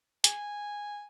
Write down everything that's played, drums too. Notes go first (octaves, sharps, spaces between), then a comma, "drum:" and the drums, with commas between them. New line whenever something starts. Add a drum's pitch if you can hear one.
G#5, drum: hi-hat